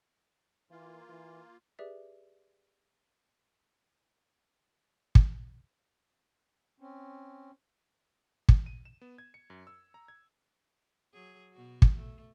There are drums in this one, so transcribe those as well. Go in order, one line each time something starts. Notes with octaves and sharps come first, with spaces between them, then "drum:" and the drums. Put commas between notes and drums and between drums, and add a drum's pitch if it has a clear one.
E3 A#3 F4
E3
G4 G#4 B4 D5 E5
drum: kick
C4 C#4
drum: kick
D#7
E7
B3
G#6
C#7
F#2
E6
A#5
G#6
F#3 G#4
B2 F#4
drum: kick
A3